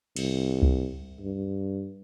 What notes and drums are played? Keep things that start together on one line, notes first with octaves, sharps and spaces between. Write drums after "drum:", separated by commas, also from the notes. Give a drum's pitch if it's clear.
C2, drum: cymbal
drum: kick C#2
G2